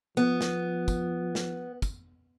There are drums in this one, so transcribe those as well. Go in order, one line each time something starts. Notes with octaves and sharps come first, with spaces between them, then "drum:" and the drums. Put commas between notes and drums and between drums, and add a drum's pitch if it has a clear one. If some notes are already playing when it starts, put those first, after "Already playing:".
F3 B3
drum: snare
drum: kick, tambourine
drum: snare
drum: kick, tambourine